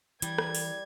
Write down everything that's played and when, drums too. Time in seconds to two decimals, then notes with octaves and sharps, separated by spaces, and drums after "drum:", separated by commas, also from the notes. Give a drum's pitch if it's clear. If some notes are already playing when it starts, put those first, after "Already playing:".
0.22 E3 G3 G#6, drum: hi-hat
0.38 drum: rim click
0.55 drum: open hi-hat